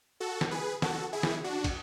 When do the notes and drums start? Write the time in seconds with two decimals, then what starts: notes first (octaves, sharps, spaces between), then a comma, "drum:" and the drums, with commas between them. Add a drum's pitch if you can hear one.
0.20 F#4 A4
0.41 drum: snare
0.51 G#4 B4
0.82 F#4 A4, drum: snare
1.13 E4 G#4
1.23 drum: snare
1.44 D4 F#4
1.64 drum: kick, cymbal